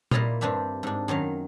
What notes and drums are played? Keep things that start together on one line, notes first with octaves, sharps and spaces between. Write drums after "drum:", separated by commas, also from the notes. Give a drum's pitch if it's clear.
A#2 G3 E4 F4 D#5 F5, drum: tom A#2
G2 C4 D4 G4 E5
G#2 D4
F#2 D#3 F#3 F5